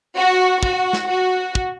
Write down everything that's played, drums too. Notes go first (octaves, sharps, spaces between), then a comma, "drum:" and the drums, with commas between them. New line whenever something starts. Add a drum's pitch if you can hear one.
F#4
F#4, drum: kick
drum: snare
F#4
drum: kick